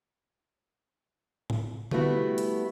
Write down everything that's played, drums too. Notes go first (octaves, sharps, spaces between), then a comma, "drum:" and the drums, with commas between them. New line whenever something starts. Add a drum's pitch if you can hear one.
drum: tom A2
G3 A3 B3 E4 F#4, drum: tom D3
drum: hi-hat